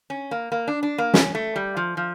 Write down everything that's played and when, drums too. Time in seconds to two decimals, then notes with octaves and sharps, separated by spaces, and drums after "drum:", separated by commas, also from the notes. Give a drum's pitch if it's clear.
0.10 C#4
0.31 A#3
0.52 A#3
0.68 D4
0.83 D4
0.98 A#3
1.14 C#4, drum: snare
1.35 A3
1.56 G3
1.77 F3
1.97 F3